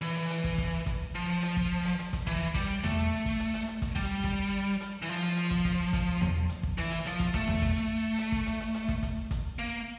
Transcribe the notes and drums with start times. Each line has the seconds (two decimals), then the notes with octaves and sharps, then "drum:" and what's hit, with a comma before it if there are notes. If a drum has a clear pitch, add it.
0.01 E3, drum: hi-hat
0.16 drum: hi-hat
0.30 drum: hi-hat
0.44 drum: kick, hi-hat
0.58 drum: kick, hi-hat
0.86 drum: kick, hi-hat
1.15 F3
1.43 drum: hi-hat
1.57 drum: kick
1.85 drum: hi-hat
1.99 drum: hi-hat
2.13 drum: kick, hi-hat
2.27 E3, drum: kick, hi-hat
2.55 G3, drum: kick, hi-hat
2.84 A3, drum: tom E2
3.25 drum: kick
3.40 drum: hi-hat
3.54 drum: hi-hat
3.68 drum: hi-hat
3.82 drum: kick, hi-hat
3.95 G3, drum: kick, hi-hat
4.24 drum: kick, hi-hat
4.80 drum: hi-hat
5.02 E3
5.09 F3, drum: hi-hat
5.23 drum: hi-hat
5.37 drum: hi-hat
5.51 drum: kick, hi-hat
5.65 drum: kick, hi-hat
5.93 drum: kick, hi-hat
6.21 drum: tom E2
6.49 drum: hi-hat
6.63 drum: kick
6.78 E3, drum: hi-hat
6.91 drum: hi-hat
7.06 F3, drum: hi-hat
7.20 drum: kick, hi-hat
7.34 A3, drum: kick, hi-hat
7.48 drum: tom E2
7.62 drum: kick, hi-hat
8.18 drum: hi-hat
8.32 drum: kick
8.46 drum: hi-hat
8.60 drum: hi-hat
8.74 drum: hi-hat
8.88 drum: kick, hi-hat
9.03 drum: kick, hi-hat
9.31 drum: kick, hi-hat
9.59 A#3